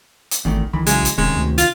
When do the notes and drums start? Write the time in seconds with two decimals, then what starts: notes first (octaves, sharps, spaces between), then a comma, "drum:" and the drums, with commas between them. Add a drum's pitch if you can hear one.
0.31 drum: hi-hat
0.45 G#1 E2 D#3 A3
0.73 B1 D#3 E3 B5
0.87 C#3 E3 F#3 G#3, drum: hi-hat
1.05 drum: hi-hat
1.18 E1 C3 D#3 G#3 C#4
1.36 D2
1.58 F4, drum: hi-hat